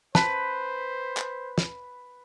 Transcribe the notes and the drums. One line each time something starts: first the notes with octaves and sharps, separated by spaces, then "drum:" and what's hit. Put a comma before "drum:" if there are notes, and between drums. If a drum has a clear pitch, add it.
B4 C5 A5 B5, drum: snare
drum: clap
drum: snare